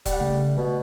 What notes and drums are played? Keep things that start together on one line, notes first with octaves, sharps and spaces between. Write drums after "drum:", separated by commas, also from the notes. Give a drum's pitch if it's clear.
G3 F#5, drum: kick E1, hi-hat
C#3 A3
B2